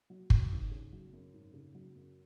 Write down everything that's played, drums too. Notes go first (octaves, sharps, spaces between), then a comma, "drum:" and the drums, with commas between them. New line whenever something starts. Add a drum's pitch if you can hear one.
F#3
F#2, drum: kick
G#1
C#3
F#3
F#2
G#1
C#3
F#3
F#2